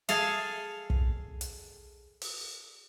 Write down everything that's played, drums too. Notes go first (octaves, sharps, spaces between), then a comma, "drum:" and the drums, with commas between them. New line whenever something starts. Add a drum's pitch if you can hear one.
G#4 A4 F5, drum: hi-hat
drum: kick
drum: hi-hat
drum: open hi-hat